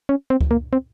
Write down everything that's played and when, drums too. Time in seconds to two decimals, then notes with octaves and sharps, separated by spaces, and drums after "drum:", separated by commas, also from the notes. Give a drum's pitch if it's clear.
0.09 C#4
0.30 C4
0.41 drum: kick C#2
0.51 A#3
0.73 C4